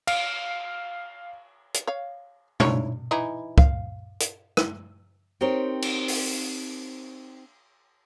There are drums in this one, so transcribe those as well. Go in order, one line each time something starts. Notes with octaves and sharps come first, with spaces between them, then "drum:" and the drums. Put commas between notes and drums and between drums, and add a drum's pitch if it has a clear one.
F5, drum: cymbal
drum: hi-hat
C#5 F5
D#4 E4 C#5, drum: tom
E3 D#4 E4
F5, drum: kick
drum: hi-hat
drum: rim click
C4 D#4 G4 A#4 C5 C#5
drum: cymbal
drum: open hi-hat